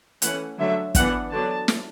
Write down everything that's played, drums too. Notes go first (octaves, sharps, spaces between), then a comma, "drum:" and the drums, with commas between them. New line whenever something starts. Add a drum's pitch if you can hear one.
E3 A3 C#4 F#5, drum: hi-hat
D3 F#3 A3 E5
E3 B3 D4 F#5, drum: kick, hi-hat
D3 F#3 B3 D4 A5
drum: snare